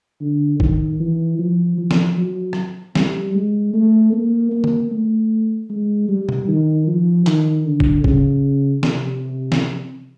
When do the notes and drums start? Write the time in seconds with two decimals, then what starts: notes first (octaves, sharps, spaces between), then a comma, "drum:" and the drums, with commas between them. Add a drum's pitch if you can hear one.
0.21 D3
0.60 D#3, drum: kick
1.00 E3
1.39 F3
1.78 F3
1.91 drum: snare
2.17 F#3
2.53 drum: rim click
2.95 G3, drum: snare
3.35 G#3
3.74 A3
4.13 A#3
4.52 A#3
4.64 drum: tom
4.91 A3
5.70 G#3
6.09 G3
6.29 drum: tom B2
6.48 D#3
6.87 F3
7.27 D#3, drum: clap
7.65 D3
7.80 drum: kick
8.04 C#3, drum: kick
8.83 C3, drum: snare
9.52 drum: snare